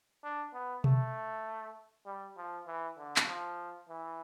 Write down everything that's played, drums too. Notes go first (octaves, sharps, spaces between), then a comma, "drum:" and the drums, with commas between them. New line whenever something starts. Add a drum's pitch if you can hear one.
D4
B3
A3, drum: tom B2
G3
F3
E3
D3
drum: clap
F3
E3